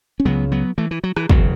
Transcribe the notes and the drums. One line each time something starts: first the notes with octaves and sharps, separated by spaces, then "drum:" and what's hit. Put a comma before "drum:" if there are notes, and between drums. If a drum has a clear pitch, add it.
C#4
C#2 C#3 F#3 B3
F#3 B3
E3 A3
E3
F#3
E3, drum: rim click
E1 E2 C#3 F#3, drum: kick